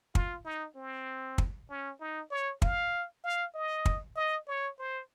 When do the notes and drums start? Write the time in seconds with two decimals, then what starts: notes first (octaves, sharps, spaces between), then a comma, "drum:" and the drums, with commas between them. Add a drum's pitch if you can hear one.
0.15 F4, drum: kick
0.45 D#4
0.76 C4
1.38 drum: kick
1.70 C#4
2.00 D#4
2.31 C#5
2.62 F5, drum: kick
3.24 F5
3.55 D#5
3.85 drum: kick
4.16 D#5
4.47 C#5
4.79 C5